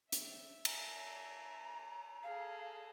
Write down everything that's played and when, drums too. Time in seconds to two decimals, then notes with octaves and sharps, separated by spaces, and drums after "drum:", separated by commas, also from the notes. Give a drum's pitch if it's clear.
0.12 E5, drum: hi-hat
0.65 A#5, drum: cymbal
2.23 G#4 A4 F5